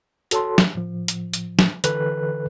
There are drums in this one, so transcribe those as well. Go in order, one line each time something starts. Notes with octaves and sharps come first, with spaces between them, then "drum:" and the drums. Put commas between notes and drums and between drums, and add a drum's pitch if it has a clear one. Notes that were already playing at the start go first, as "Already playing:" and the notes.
F#4 A4 C#5 A5 C6, drum: hi-hat
drum: snare
A2 F3
drum: hi-hat
drum: hi-hat
drum: snare
D3 E3 A4 B4 F#6, drum: hi-hat